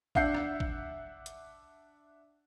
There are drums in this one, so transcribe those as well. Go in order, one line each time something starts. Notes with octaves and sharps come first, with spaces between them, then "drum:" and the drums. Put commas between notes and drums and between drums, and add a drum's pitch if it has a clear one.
D4 E5 F#5 G6 C7, drum: kick
drum: rim click
drum: kick
drum: hi-hat